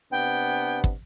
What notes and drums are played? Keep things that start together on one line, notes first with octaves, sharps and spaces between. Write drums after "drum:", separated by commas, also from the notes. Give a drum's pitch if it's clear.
C3 B3 D4 G5
drum: kick